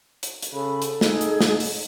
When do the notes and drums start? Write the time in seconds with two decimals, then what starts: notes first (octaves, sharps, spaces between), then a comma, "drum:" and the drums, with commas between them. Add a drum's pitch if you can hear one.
0.23 drum: hi-hat
0.42 drum: hi-hat
0.53 C#3 A4 B5
0.82 drum: hi-hat
1.01 D#4 G#4, drum: snare
1.21 drum: hi-hat
1.41 drum: snare
1.60 drum: open hi-hat